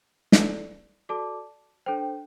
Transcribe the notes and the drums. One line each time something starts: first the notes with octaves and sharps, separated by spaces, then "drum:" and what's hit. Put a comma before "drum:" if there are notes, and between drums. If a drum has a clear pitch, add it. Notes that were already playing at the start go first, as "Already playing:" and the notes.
E4 A4 D5, drum: snare
F#4 A4 D5 A5 D6
D4 A4 C5 G5